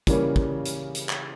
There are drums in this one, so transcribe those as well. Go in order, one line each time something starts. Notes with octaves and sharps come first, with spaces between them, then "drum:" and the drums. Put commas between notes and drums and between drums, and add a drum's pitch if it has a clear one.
C#3 E3 G3 A#3 C#4, drum: kick, hi-hat
drum: kick
drum: hi-hat
drum: hi-hat
drum: clap